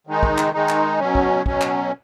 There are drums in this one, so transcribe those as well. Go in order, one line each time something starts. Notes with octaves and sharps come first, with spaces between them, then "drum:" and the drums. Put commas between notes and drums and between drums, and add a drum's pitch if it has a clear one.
D#3 G#3 D#4
drum: kick
drum: clap
D#3 G#3 D#4
drum: clap
B2 F#3 C#4
drum: kick
B2 F#3 C#4, drum: kick
drum: clap